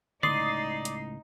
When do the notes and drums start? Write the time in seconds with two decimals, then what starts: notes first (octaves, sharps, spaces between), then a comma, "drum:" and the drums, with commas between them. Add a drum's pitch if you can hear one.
0.23 C#2 A2 D#4 D5 C6 D#6 C7, drum: tom D3
0.85 drum: hi-hat